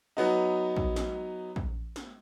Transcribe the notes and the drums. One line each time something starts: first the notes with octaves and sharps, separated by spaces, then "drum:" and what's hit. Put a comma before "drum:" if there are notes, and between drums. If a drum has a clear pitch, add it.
F#3 B3 D#4
drum: kick
drum: snare
drum: kick
drum: snare